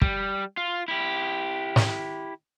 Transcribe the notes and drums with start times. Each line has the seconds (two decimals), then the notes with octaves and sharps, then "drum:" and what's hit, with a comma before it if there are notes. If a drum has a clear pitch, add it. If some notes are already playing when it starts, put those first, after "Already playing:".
0.02 G3, drum: kick
0.57 F4
0.88 E4 G4
1.76 drum: snare